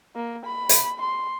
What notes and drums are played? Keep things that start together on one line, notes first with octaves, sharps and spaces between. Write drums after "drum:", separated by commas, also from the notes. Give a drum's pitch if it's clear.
A#3
B5
drum: hi-hat
C6